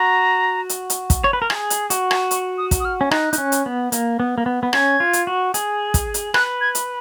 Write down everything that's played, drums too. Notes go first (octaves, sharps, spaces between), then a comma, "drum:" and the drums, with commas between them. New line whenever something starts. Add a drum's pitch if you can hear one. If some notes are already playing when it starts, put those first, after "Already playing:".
Already playing: F#4 A#5
drum: hi-hat
drum: hi-hat
drum: kick, hi-hat
C#5
B4
A#4
G#4, drum: rim click
drum: hi-hat
F#4, drum: hi-hat
drum: rim click
C#6, drum: hi-hat
D#6
drum: kick, hi-hat
D#6
F6
C#4
D#4 F#6, drum: rim click
D#4, drum: hi-hat
C#4
drum: hi-hat
B3
A#3, drum: hi-hat
B3
A#3
B3
B3
C#4 G#6, drum: rim click
F4
drum: hi-hat
F#4
G#4, drum: hi-hat
drum: kick, hi-hat
drum: hi-hat
B4 F#6, drum: rim click
G#6
drum: hi-hat